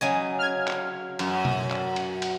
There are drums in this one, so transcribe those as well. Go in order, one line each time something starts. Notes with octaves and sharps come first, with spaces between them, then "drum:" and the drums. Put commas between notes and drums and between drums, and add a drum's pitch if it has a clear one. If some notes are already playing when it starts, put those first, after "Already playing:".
C#3 F#3 D#5 G#5
F6 G#6
drum: clap
F#2, drum: cymbal
drum: tom B2
drum: clap
drum: cymbal
drum: cymbal